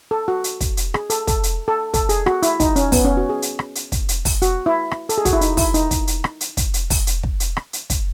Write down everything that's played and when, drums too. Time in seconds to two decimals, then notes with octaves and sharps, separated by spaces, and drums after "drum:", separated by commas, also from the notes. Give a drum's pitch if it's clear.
0.11 A4
0.28 F#4
0.44 drum: hi-hat
0.61 drum: kick, hi-hat
0.77 drum: hi-hat
0.94 G#4, drum: rim click
1.10 A4, drum: hi-hat
1.27 A4, drum: kick, hi-hat
1.43 drum: hi-hat
1.68 A4
1.94 A4, drum: kick, hi-hat
2.09 G#4, drum: hi-hat
2.26 F#4, drum: rim click
2.43 E4, drum: hi-hat
2.60 D#4, drum: kick, hi-hat
2.76 C#4, drum: hi-hat
2.92 B3, drum: kick, open hi-hat
3.05 C#4
3.17 F#4
3.29 G#4
3.42 drum: hi-hat
3.59 drum: rim click
3.75 drum: hi-hat
3.92 drum: kick, hi-hat
4.09 drum: hi-hat
4.25 drum: kick, open hi-hat
4.42 F#4, drum: hi-hat
4.66 E4
4.91 drum: rim click
5.09 A4, drum: hi-hat
5.18 G#4
5.25 F#4, drum: kick, hi-hat
5.33 E4
5.41 D#4, drum: hi-hat
5.57 E4, drum: kick, open hi-hat
5.74 D#4, drum: hi-hat
5.91 drum: kick, hi-hat
6.07 drum: hi-hat
6.24 drum: rim click
6.41 drum: hi-hat
6.57 drum: kick, hi-hat
6.74 drum: hi-hat
6.90 drum: kick, open hi-hat
7.07 drum: hi-hat
7.23 drum: kick
7.40 drum: hi-hat
7.57 drum: rim click
7.73 drum: hi-hat
7.90 drum: kick, hi-hat